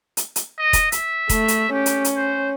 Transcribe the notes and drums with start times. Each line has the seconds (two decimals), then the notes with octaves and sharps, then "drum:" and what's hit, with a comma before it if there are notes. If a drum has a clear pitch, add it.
0.17 drum: hi-hat
0.36 drum: hi-hat
0.59 D#5
0.73 drum: kick E1, hi-hat
0.92 E5, drum: hi-hat
1.29 A3, drum: kick E1, hi-hat
1.48 drum: hi-hat
1.73 C#4 G4
1.86 drum: hi-hat
2.05 drum: hi-hat
2.17 C5